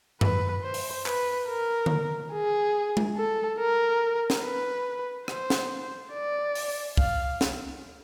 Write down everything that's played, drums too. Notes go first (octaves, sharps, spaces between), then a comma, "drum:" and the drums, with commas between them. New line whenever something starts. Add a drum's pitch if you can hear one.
B4, drum: tom F#2
C5
drum: open hi-hat
B4, drum: clap
A#4
drum: tom D3
G#4
drum: tom G#3
A4
A#4
drum: snare
B4
C5, drum: rim click
drum: snare
D5
drum: open hi-hat
F5, drum: kick
drum: snare